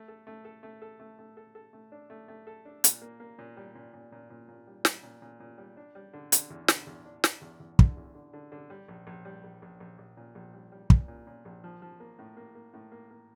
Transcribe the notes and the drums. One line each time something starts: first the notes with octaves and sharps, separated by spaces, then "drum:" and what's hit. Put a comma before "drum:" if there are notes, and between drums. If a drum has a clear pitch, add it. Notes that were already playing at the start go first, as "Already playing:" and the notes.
Already playing: A3
A4
A3
A4
A3
A4
A3
A3
A4
A4
A3
D4
A3
A3
A4
D4
A#2, drum: hi-hat
A#3
A#3
A#2
G3
A#2
A#2
A#2
A#2
A#2
G3
G3, drum: snare
A#2
A#2
A#2
G3
D4
G3
D3
D3, drum: hi-hat
E2
D3, drum: snare
E2
D4
D4, drum: snare
E2
E2
D3, drum: kick
E2
D3
D3
D3
G3
A#1
A#1
G3
A#1
A#1
A#1
A#1
A#2
A#1
G3
G3
A#2, drum: kick
A#2
A#2
A#1
F3
F3
A#3
A2
A#3
A#3
A2
A#3
A#3